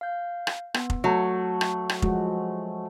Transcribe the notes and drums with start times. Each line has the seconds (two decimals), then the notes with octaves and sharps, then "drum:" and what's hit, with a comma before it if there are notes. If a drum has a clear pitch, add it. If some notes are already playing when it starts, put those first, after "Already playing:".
0.01 F5 G6
0.47 drum: rim click
0.74 B3, drum: rim click
0.90 drum: kick F1
1.04 F#3 A3 F#5
1.61 drum: rim click
1.89 drum: rim click
2.02 F3 G#3 F#4, drum: kick F1